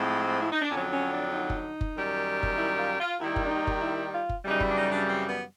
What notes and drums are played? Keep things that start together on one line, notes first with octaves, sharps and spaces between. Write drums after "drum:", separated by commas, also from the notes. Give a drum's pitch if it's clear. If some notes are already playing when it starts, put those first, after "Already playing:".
Already playing: A2 F3 G#3 C4
E4
D#4
D4
F2 D3 F#3 C#4
C#4
D4
D#4
drum: kick F#1
drum: kick F#1
F#2 D#3 G3
drum: kick F#1
E4
F4
F4
D#2 D#3 G3 E4
drum: kick F#1
D4
D#4
drum: kick F#1
E4
F4
drum: kick F#1
F#2 C#3 E3 G3 D#4
E4, drum: kick F#1
D4
D#4
D4
C4
B3